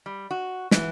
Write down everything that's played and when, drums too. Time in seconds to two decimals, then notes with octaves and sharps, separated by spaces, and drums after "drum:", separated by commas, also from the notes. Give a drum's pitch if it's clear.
0.06 G3
0.31 F#4
0.71 E3, drum: snare